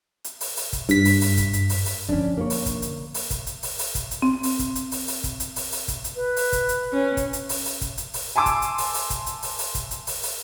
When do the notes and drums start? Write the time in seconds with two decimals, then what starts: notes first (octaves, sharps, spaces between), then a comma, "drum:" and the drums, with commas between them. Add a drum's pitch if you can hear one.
0.24 drum: hi-hat
0.41 drum: open hi-hat
0.57 drum: open hi-hat
0.73 drum: kick, hi-hat
0.89 G2 B6, drum: hi-hat
1.05 drum: open hi-hat
1.21 drum: open hi-hat
1.37 drum: kick, hi-hat
1.53 drum: hi-hat
1.69 drum: open hi-hat
1.86 drum: open hi-hat
2.09 F2 D3 C#4 D4
2.37 A#3 C#5
2.50 drum: open hi-hat
2.66 drum: kick, hi-hat
2.82 drum: hi-hat
3.14 drum: open hi-hat
3.30 drum: kick, hi-hat
3.47 drum: hi-hat
3.63 drum: open hi-hat
3.79 drum: open hi-hat
3.95 drum: kick, hi-hat
4.11 drum: hi-hat
4.22 C4
4.43 drum: open hi-hat
4.59 drum: kick, hi-hat
4.75 drum: hi-hat
4.92 drum: open hi-hat
5.08 drum: open hi-hat
5.24 drum: kick, hi-hat
5.40 drum: hi-hat
5.56 drum: open hi-hat
5.72 drum: open hi-hat
5.88 drum: kick, hi-hat
6.04 drum: hi-hat
6.16 B4
6.36 drum: open hi-hat
6.53 drum: kick, hi-hat
6.69 drum: hi-hat
6.92 C#4
7.17 drum: kick, hi-hat
7.33 drum: hi-hat
7.49 drum: open hi-hat
7.65 drum: open hi-hat
7.81 drum: kick, hi-hat
7.98 drum: hi-hat
8.14 drum: open hi-hat
8.36 G#5 A5 C6 D6 E6
8.46 drum: kick, hi-hat
8.62 drum: hi-hat
8.78 drum: open hi-hat
8.94 drum: open hi-hat
9.10 drum: kick, hi-hat
9.26 drum: hi-hat
9.42 drum: open hi-hat
9.59 drum: open hi-hat
9.75 drum: kick, hi-hat
9.91 drum: hi-hat
10.07 drum: open hi-hat
10.23 drum: open hi-hat